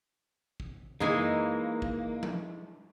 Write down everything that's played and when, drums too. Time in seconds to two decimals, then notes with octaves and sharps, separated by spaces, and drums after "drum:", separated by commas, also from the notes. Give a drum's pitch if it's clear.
0.60 drum: kick
1.00 E3 G#3 A#3 D#4, drum: tom F#2
1.82 drum: kick
2.23 drum: tom F3